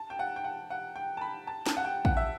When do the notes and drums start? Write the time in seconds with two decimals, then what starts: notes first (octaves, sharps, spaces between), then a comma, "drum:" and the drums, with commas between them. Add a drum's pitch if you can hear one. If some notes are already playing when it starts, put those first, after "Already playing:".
Already playing: A5
0.10 G5
0.19 F#5
0.36 G5
0.44 F#5
0.70 F#5
0.96 G5
1.17 A5
1.21 B5
1.47 A5
1.66 A5, drum: snare
1.77 F#5
1.85 G5
2.05 F#5, drum: kick
2.17 E5